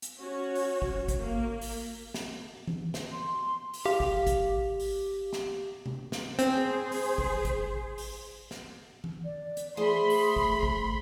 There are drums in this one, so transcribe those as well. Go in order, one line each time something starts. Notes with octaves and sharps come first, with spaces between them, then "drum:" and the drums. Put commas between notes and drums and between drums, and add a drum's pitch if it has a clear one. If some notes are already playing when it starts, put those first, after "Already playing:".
drum: hi-hat
C#4 F#4 C#5
drum: open hi-hat
drum: kick G#1
drum: kick G#1, hi-hat
A#3
drum: open hi-hat
drum: snare
drum: tom E3
drum: snare
C6
drum: open hi-hat
G4 F5
drum: kick G#1
drum: kick G#1, hi-hat
drum: open hi-hat
drum: snare
drum: tom C3
drum: snare
C4 G#4 C5, drum: hi-hat
drum: open hi-hat
drum: kick G#1
drum: kick G#1, hi-hat
drum: open hi-hat
drum: snare
drum: tom E3
D5
drum: hi-hat
A3 G#4 C5 B5 C6
drum: open hi-hat
drum: kick G#1
drum: kick G#1